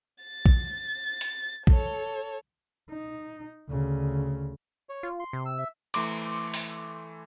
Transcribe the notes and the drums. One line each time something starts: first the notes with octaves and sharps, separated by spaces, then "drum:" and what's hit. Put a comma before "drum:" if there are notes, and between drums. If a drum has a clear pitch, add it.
A6
drum: kick A#1
drum: hi-hat
A4 C#5, drum: kick A#1
D#4
D2 C#3
C#5
F4
C6
C3
E6
E5
E3 A3 C6 D6, drum: cymbal
drum: open hi-hat